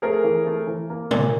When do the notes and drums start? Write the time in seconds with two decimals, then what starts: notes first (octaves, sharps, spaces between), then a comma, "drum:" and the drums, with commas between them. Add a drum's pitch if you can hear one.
0.02 A3 G#4 A#4
0.24 E3
0.46 A3
0.67 E3
0.90 A#3
1.11 A#2, drum: tom